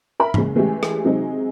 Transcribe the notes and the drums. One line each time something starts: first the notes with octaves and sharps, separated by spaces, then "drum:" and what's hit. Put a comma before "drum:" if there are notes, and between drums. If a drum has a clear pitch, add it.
A#4 E5 B5
F#1 G#3, drum: tom
E3 G#3 A3 C#4 G4
drum: rim click
C3 F#3 G#3 C4 D#4